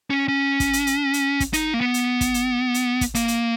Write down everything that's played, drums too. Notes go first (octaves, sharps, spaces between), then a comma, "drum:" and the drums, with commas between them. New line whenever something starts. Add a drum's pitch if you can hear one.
C#4
C#4
drum: kick, hi-hat
drum: hi-hat
drum: hi-hat
drum: hi-hat
drum: kick, hi-hat
D#4, drum: hi-hat
A#3
B3
drum: hi-hat
drum: kick, hi-hat
drum: hi-hat
drum: hi-hat
drum: kick, hi-hat
A#3, drum: hi-hat
drum: hi-hat